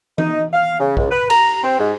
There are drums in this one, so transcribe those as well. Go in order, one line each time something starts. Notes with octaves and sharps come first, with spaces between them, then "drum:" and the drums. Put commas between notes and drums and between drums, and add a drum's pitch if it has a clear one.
D#4, drum: tom E3
F5
C#3
C#2, drum: kick
B4
A#5, drum: cymbal
C4
G#2